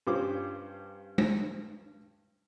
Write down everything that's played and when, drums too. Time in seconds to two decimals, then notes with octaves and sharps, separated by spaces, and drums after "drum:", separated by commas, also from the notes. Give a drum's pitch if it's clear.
0.07 G2 G3 C#4 F4 C5 D6
1.18 drum: tom G#3